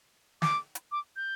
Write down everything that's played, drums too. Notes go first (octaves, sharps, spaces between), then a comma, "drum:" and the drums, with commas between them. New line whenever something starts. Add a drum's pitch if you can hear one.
D6, drum: snare
drum: hi-hat
D6
G6